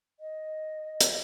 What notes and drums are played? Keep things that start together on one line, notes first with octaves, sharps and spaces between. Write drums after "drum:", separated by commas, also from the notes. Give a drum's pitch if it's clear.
D#5
drum: hi-hat